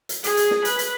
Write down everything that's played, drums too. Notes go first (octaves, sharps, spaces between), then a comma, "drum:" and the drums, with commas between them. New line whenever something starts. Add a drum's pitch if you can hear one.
drum: hi-hat
G#4, drum: hi-hat
drum: hi-hat
drum: snare
B4, drum: hi-hat
drum: hi-hat